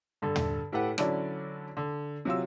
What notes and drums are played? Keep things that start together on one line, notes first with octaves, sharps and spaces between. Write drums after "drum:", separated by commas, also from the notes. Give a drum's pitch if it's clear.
G2 D3 A4
drum: tom
A2 G4 A4 B4 F#5
D3 F#3 C#4 D4 E4 D5, drum: rim click
D3
C3 F#3 F4 E6